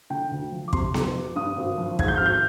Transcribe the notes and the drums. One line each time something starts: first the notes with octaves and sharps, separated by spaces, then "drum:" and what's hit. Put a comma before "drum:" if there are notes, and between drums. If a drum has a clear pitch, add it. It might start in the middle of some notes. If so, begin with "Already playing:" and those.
D3 G5
D2
F3
D6
C3 C6, drum: kick
F2, drum: snare B3
F3
G2 D#6
G#1
F3
G#2 G#6, drum: kick
G6
G#1 F6
G6